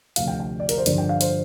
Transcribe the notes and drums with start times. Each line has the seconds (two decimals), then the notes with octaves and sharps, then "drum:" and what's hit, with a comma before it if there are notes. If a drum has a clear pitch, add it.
0.16 D2 C3 F3 F5, drum: hi-hat
0.28 G5
0.40 G5
0.60 D5
0.69 A#4, drum: hi-hat
0.78 C5
0.86 G2 D3 F3 D5, drum: hi-hat
0.98 G5
1.09 F5
1.21 C5, drum: hi-hat